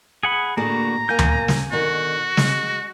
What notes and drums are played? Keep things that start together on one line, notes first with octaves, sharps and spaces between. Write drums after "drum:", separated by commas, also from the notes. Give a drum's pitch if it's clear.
G#4 F#5 B5
A2 D3 A#3 F#4 G#4 A#5
A#3 A#4 F5 G#5 G6
drum: tom D2
drum: snare
B2 D3 D#3 F#4
G#3, drum: snare